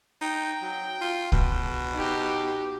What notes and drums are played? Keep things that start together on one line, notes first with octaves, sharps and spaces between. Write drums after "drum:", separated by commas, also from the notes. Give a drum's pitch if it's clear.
D#4 G5
F#3
F4
B2, drum: kick C2
D#4 G4